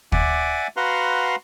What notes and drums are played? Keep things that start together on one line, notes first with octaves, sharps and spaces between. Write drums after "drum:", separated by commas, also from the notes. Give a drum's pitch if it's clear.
D5 E5 F#5 G#5 D6, drum: kick
F#4 B4 F5 F#5 A#5 C6